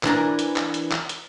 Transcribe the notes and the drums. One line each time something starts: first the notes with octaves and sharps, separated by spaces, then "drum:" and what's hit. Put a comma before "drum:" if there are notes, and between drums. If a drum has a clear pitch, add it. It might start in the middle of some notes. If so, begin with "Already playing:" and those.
E3 D4 A#4, drum: clap
drum: hi-hat
drum: clap
drum: hi-hat
drum: clap
drum: hi-hat